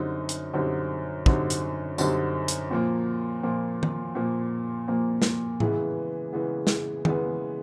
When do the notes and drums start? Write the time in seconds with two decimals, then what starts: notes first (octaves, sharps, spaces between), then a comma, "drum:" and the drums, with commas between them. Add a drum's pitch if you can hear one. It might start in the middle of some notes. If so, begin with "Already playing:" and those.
Already playing: F#2 D3 G3 C4 D#4
0.29 drum: hi-hat
0.54 F#2 D3 G3 C4 D#4
1.26 F#2 D3 G3 C4 D#4, drum: kick
1.50 drum: hi-hat
1.98 F#2 D3 G3 C4 D#4, drum: tambourine
2.48 drum: hi-hat
2.71 A#2 F3 A#3
3.43 A#2 F3 A#3
3.83 drum: tom D#3
4.15 A#2 F3 A#3
4.88 A#2 F3 A#3
5.22 drum: snare
5.60 C#3 E3 G#3 B3, drum: tom A2
6.33 C#3 E3 G#3 B3
6.67 drum: snare
7.05 C#3 E3 G#3 B3, drum: tom D#3